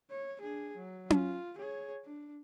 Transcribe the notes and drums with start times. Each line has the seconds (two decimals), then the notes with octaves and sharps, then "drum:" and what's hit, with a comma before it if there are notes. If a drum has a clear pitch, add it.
0.10 C#5
0.41 D4 G#4
0.76 F#3
1.10 F4, drum: tom C#4
1.58 G#4 C#5
2.05 D4